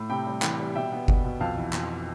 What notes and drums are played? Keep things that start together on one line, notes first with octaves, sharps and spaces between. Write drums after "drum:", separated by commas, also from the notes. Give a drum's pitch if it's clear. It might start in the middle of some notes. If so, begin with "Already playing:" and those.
Already playing: A2
C3 G5 B5
G3
E3, drum: clap
G3
B2 E5 G5
B3
B2, drum: kick G1
B2
F2 F5 A5
E3
F2, drum: clap